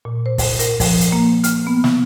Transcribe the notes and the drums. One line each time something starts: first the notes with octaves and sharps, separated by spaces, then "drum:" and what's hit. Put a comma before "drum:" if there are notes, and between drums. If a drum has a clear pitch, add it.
A#2
C5
drum: kick, open hi-hat
A#4, drum: hi-hat
F3, drum: kick, open hi-hat
drum: hi-hat
A#3
F6, drum: hi-hat
B3
drum: snare